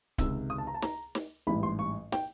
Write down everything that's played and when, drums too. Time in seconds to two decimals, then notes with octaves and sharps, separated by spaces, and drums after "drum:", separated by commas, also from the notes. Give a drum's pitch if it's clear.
0.18 C#2 C3 D#3 E6, drum: kick D1, hi-hat
0.50 D#6
0.58 A5
0.67 A#5
0.74 A5
0.82 A#5, drum: snare
1.15 drum: snare
1.47 A1 G#2 E3 G3 B5
1.63 C6
1.79 C#6
2.12 G5, drum: snare